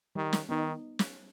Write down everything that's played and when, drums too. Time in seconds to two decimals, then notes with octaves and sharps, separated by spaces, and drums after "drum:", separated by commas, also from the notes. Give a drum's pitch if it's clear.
0.16 D#3 G3
0.33 drum: snare
0.49 D#3 B3 D#4
0.99 drum: snare